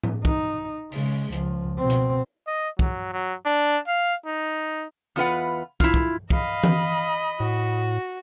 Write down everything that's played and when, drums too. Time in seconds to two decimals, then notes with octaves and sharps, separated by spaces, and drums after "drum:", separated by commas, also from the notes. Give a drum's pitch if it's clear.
0.03 drum: tom A2
0.25 D#4, drum: kick
0.92 C#3 G#3, drum: open hi-hat
1.32 C#2 F3, drum: hi-hat
1.79 B2 C4
1.90 drum: hi-hat
2.47 D#5
2.79 F#3, drum: kick
3.13 F#3
3.46 D4
3.87 F5
4.26 D#4
5.16 E2 F4 B4 F#5
5.80 E4 F4, drum: kick
5.94 drum: kick
6.30 D#5 F5 B5, drum: kick
6.64 drum: tom E3
7.40 A2 F#4